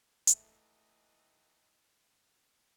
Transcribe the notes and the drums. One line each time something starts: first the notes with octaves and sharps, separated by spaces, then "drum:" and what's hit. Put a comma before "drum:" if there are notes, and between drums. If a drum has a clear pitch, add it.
D#2 E3 A3 D#5, drum: hi-hat